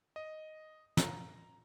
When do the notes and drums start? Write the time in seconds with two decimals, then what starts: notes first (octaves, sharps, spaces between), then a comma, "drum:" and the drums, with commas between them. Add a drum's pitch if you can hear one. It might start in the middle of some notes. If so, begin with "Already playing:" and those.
0.16 D#5
0.97 A#5, drum: snare